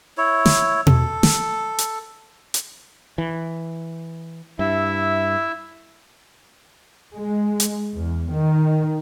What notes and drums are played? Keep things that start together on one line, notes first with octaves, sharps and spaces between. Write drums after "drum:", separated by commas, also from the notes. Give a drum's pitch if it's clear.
E4 C#5
drum: snare
A4, drum: tom B2
drum: snare
drum: hi-hat
drum: hi-hat
E3
G2 E4 E5
G#3
drum: hi-hat
E2
D#3